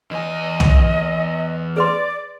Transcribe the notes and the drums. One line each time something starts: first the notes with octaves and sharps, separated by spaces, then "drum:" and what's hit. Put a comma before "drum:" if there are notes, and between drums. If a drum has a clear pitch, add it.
E2 D#5 G#5
drum: tom C2
G#4 B4 D5 C6